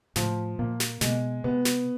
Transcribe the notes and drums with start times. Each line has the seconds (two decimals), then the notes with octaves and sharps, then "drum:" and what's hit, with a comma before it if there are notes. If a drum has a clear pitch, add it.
0.16 A2 F3, drum: snare
0.59 A#2 A#3
0.80 drum: snare
1.01 B2 G#3, drum: snare
1.44 C3 B3
1.65 drum: snare